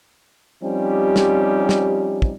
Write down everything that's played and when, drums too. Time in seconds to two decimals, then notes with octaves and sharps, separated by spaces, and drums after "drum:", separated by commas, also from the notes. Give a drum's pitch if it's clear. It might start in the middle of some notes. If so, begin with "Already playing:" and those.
0.63 F3 G3 C4 C#4 D#4 G4
1.16 drum: snare
1.69 drum: snare
2.22 drum: kick